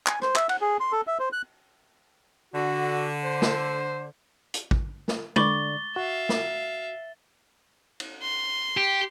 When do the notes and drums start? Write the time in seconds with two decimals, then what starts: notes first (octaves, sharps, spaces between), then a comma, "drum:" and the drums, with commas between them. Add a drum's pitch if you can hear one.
0.07 G#5, drum: clap
0.22 C5, drum: rim click
0.36 E5, drum: clap
0.49 F#5, drum: cymbal
0.61 G#4
0.80 C6
0.92 A4
1.07 E5
1.19 C5
1.32 F#6
2.54 D3 F#4
3.24 C5
3.42 drum: snare
4.54 drum: hi-hat
4.71 drum: kick A1
5.08 drum: snare
5.36 D3 D5 B5 C#6 D6 A6 G7, drum: tom
5.96 F#4 E5 F5
6.29 drum: snare
8.00 drum: cymbal
8.23 C6
8.77 G4